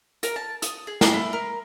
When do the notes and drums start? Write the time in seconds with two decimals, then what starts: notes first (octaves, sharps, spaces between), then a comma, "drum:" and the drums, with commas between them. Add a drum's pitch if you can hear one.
0.23 A#4, drum: hi-hat
0.36 A5
0.62 D#6, drum: hi-hat
0.87 G#4
1.01 G#4, drum: snare
1.14 E4
1.33 A#4